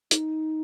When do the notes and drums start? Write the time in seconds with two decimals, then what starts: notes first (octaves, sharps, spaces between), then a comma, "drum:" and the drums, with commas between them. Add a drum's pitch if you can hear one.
0.11 D#4, drum: hi-hat